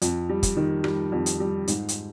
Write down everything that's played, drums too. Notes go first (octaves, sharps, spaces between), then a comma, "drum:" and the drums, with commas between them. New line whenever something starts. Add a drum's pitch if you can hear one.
F2, drum: hi-hat
G3
drum: kick, hi-hat
D#3
G3, drum: rim click
F2
drum: hi-hat
G3
G#2, drum: hi-hat
drum: hi-hat